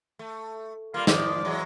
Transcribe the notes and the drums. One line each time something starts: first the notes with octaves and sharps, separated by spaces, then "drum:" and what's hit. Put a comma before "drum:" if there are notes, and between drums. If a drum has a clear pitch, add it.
A3
G3 A#3 F4
D#3 F3 D5, drum: snare
E3 F#3 G#3